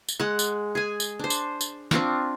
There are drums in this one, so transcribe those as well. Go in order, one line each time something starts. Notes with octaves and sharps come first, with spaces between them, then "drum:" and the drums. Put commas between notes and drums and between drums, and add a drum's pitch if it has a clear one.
drum: tambourine
G#3 F#5
drum: tambourine
G#4 G#5
drum: tambourine
D4 C5
drum: tambourine
drum: tambourine
C4 D4 F4 C#6, drum: snare